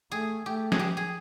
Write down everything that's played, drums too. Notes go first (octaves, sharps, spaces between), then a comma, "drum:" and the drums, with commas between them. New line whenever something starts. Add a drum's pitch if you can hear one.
A3 G#4
A3 G4
G#4, drum: snare
F3 G4
G#4